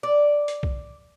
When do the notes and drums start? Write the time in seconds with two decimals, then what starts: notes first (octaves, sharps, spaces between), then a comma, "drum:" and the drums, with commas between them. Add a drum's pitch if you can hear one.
0.03 D5
0.48 drum: hi-hat
0.63 drum: kick